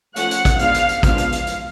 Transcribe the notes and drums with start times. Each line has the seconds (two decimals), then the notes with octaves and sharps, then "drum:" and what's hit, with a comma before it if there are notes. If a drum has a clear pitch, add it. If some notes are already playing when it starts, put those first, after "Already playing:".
0.16 F3 A3 C#4 F#5, drum: hi-hat
0.31 drum: hi-hat
0.45 drum: kick, hi-hat
0.59 F3 G#3 B3 D4 F5, drum: hi-hat
0.74 drum: hi-hat
0.89 drum: hi-hat
1.03 F3 G#3 B3 D4 F5, drum: kick, hi-hat
1.18 drum: hi-hat
1.32 drum: hi-hat
1.47 drum: hi-hat